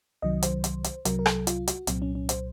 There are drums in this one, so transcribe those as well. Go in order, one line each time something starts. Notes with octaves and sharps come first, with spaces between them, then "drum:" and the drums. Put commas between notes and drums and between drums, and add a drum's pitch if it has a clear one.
C2 C3 D#3 F#3 D#5
C5, drum: hi-hat
drum: hi-hat
drum: hi-hat
C2 C3 F#3 A#4, drum: hi-hat
A#4
A4, drum: rim click
F4, drum: hi-hat
F#4, drum: hi-hat
C2 A#2 F#3 C4, drum: hi-hat
C#4
C#4
C5, drum: hi-hat